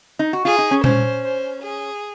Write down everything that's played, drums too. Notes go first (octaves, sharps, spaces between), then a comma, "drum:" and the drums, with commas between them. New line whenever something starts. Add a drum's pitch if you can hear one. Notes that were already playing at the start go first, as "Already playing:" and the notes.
D#4
F#4
F4 G#4
D#4
C#4
C#4 C5, drum: tom A#2
C5
G#4